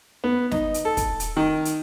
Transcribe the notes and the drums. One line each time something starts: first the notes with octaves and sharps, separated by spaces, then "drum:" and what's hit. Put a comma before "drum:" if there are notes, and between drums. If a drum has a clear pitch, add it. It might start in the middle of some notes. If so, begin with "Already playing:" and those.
B3
D#4, drum: snare
drum: hi-hat
A4
drum: kick, hi-hat
drum: hi-hat
D#3
drum: hi-hat